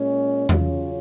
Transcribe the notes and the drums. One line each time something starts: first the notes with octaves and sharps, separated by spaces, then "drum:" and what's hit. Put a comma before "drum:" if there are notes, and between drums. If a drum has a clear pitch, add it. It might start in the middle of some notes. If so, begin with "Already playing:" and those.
Already playing: A#2 G#3 C#4
C#3 F#3 C#4 F4, drum: tom E2